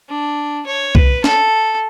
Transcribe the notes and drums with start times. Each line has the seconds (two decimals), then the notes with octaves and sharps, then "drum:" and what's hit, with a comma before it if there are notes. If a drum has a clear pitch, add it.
0.09 D4
0.66 C#5
0.95 B4, drum: kick C2
1.24 A4, drum: snare